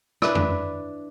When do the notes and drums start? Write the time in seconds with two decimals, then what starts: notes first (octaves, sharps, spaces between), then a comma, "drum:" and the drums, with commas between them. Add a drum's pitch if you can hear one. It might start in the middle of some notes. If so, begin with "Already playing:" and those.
0.22 D4 E4 B4, drum: rim click
0.35 drum: tom